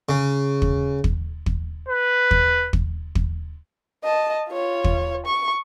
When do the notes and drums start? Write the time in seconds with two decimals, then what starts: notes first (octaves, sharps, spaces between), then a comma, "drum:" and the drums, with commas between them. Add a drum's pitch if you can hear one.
0.09 C#3
0.62 drum: kick
1.04 drum: kick
1.46 drum: kick
1.89 B4
2.31 drum: kick
2.73 drum: kick
3.15 drum: kick
4.04 D#5 A5
4.49 F4 C#5
4.84 drum: kick
5.26 C#6